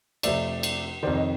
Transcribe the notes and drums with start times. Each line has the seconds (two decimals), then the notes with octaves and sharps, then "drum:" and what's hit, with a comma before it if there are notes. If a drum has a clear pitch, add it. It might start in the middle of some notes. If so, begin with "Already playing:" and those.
0.23 F2 C3 F3 A3 D5 E5, drum: cymbal
0.63 drum: cymbal
1.03 F2 C3 D#3 C5 D5
1.16 C#5 D#5